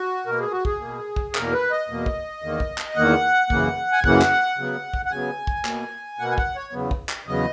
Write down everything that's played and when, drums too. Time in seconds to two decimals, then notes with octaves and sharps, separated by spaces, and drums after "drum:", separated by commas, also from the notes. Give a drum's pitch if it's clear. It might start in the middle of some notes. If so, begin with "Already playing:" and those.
Already playing: F#4
0.27 B2 A#3 A#4
0.40 G#4
0.51 F#4
0.65 G#4, drum: kick
0.80 B2 A#3
1.16 drum: kick
1.35 E2 B2 A#3 A#4, drum: clap
1.53 B4
1.71 D#5
1.88 E2 B2 A#3
2.06 drum: kick
2.42 E2 D#3 A#3
2.60 drum: kick
2.78 drum: clap
2.96 E2 D#3 A#3 F#5
3.50 F#2 C#3 E3 A#3, drum: kick
3.92 G#5
4.04 F#2 C#3 E3 A#3 F#5, drum: kick
4.22 drum: clap
4.58 C#3 F#3 B3
4.93 drum: kick
5.06 F#5
5.11 C#3 F#3 B3 G#5
5.47 drum: kick
5.65 B2 A#3, drum: clap
6.19 B2 A#3 F#5
6.31 G#5
6.38 F#5, drum: kick
6.56 C#5
6.73 E2 C#3 F#3 B3
6.91 drum: kick
7.09 drum: clap
7.27 E2 C#3 F#3 B3 D#5